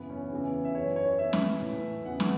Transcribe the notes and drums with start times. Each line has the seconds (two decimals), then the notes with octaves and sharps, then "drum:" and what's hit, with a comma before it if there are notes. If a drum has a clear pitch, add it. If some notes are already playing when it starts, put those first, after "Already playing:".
Already playing: F#2 C#3 E3 B3
0.10 C#4
0.32 E2 C#3 E3
0.65 E5
0.75 F#2 E3 C#5
0.96 C#5
1.18 E2 E3 E5
1.33 drum: snare
1.62 A2 E3
2.05 E2 C#3 E3 F#5
2.20 drum: snare